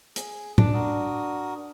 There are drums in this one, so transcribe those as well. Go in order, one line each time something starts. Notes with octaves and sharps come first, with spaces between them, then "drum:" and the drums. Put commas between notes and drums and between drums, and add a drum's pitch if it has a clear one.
G#4, drum: hi-hat
D4, drum: tom
F#4 A#4 D#6